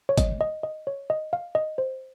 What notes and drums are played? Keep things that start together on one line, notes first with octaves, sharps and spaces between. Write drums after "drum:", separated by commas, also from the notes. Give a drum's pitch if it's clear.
C#5
D#5, drum: kick, hi-hat
D#5
D#5
C#5
D#5
F5
D#5
C5